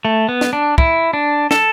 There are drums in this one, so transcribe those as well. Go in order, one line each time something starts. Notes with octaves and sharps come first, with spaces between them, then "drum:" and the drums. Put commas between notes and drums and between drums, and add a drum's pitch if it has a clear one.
A3
B3
drum: snare
D4
E4, drum: kick
D4
A4, drum: snare